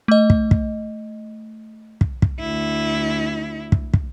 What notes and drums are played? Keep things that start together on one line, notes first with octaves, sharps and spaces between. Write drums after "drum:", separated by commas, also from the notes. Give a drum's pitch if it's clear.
A3 D#5
drum: kick
drum: kick
drum: kick
drum: kick
D2 E4
drum: kick
drum: kick